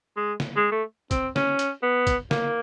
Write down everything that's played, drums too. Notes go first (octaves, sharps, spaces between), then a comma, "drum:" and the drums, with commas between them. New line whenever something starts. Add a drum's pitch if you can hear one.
G#3
drum: snare
G#3
A3
C4, drum: kick, hi-hat
C#4, drum: snare
drum: hi-hat
B3
drum: kick, hi-hat
A#3, drum: snare